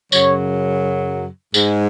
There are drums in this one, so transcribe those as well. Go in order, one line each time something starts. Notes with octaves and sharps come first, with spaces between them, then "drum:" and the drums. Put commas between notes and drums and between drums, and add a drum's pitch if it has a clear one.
F#2 C#3 F#3 C#5, drum: tambourine
G#2 G#3, drum: tambourine